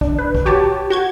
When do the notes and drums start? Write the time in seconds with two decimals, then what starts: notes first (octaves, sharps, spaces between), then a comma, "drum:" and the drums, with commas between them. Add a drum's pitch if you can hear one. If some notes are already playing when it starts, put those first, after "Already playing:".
0.01 D4, drum: kick
0.18 B4
0.35 drum: kick
0.45 F#4 G4 C#5 A5
0.90 F#4 G6 G#6